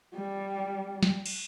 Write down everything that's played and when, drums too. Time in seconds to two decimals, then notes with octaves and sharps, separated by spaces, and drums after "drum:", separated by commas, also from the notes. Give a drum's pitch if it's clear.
0.14 G3
1.03 drum: snare
1.26 drum: cymbal